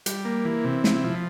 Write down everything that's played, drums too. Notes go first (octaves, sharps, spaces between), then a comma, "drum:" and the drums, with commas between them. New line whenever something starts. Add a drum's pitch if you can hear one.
G3, drum: hi-hat
A#3
E3
C3
E4, drum: snare
F3